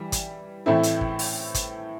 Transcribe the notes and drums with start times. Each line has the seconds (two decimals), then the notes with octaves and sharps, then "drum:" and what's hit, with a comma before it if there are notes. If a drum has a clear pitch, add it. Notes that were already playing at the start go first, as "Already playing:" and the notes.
Already playing: E3 G3
0.12 drum: kick, hi-hat
0.66 A2 E3 A3 C4 E4
0.83 drum: hi-hat
1.01 drum: kick
1.19 drum: open hi-hat
1.54 drum: kick, hi-hat